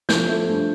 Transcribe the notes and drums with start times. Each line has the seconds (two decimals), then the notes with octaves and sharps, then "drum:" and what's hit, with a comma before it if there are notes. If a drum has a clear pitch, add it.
0.09 F3 G6, drum: snare
0.28 A3
0.47 G2